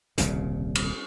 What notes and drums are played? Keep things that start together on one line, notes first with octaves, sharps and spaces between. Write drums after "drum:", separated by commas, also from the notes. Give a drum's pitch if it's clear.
D#1 C2 A#2 C#3, drum: hi-hat
drum: cymbal